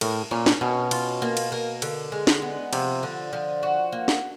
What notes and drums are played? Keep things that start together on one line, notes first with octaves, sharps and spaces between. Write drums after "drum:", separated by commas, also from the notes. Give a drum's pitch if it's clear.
A2 A#4, drum: cymbal
A#2 C#4
drum: snare
B2 C#4
F4, drum: cymbal
A#3
drum: cymbal
A#4
D3, drum: cymbal
G#3
drum: snare
B3
C3 F3, drum: cymbal
D3
F3
F#4
A#3
drum: snare